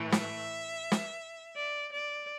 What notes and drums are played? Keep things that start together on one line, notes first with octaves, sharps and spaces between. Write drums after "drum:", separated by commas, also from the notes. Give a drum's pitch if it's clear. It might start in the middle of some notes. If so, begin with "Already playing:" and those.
Already playing: A2 E3 A3
E5, drum: snare
drum: snare
D5
D5